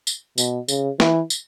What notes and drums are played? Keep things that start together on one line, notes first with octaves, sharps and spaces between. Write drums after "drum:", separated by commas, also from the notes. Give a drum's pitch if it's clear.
drum: tambourine
B2, drum: tambourine
C#3, drum: tambourine
E3, drum: snare
drum: tambourine